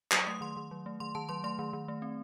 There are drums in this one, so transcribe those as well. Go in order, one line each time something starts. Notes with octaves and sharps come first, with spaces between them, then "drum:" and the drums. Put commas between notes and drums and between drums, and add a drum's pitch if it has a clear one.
F#3 D#6, drum: clap
A3 D#6
D#3 C6
D#3
F#3
A3
D#3 C6
D#3 A5
F#3 C6
A3 C6
D#3
D#3
A3
C4